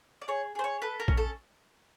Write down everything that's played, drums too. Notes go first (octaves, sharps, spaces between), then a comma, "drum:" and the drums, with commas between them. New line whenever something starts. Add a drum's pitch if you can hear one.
D5
G#4 C#5
G#4 C5
C#5
A4 B4
A#4
C#4, drum: kick A#1
A4